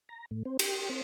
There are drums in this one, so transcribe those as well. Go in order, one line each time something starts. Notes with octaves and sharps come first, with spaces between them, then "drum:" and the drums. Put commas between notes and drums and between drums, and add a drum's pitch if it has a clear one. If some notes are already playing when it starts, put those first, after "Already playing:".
A#5
A2
C4
G4, drum: cymbal
C4